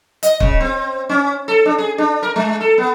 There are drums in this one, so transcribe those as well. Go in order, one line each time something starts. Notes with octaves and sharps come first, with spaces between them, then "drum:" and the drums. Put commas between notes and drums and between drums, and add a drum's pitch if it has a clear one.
D#5, drum: hi-hat
C#3, drum: kick
C4
C#4
A4
D4
G#4
D4
A#4
G#3
A4
B3